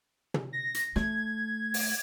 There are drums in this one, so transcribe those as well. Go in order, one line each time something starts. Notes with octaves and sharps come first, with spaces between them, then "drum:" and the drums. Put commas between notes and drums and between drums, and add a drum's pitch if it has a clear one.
drum: tom
A#6
drum: hi-hat
A3 G#6, drum: snare
drum: open hi-hat